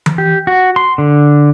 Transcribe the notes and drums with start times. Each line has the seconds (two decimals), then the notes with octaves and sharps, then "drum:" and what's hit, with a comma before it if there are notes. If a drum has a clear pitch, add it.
0.06 drum: tom E3
0.18 G4
0.47 F#4
0.76 C6
0.98 D3